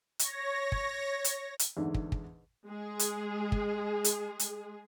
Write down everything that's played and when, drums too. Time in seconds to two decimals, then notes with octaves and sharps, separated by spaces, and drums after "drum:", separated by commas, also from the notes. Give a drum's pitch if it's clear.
0.19 C#5 A#6, drum: hi-hat
0.72 drum: kick
1.24 drum: hi-hat
1.59 drum: hi-hat
1.77 E2 G#2 D3
1.94 drum: kick
2.12 drum: kick
2.68 G#3 G#4
2.99 drum: hi-hat
3.52 drum: kick
4.04 drum: hi-hat
4.39 drum: hi-hat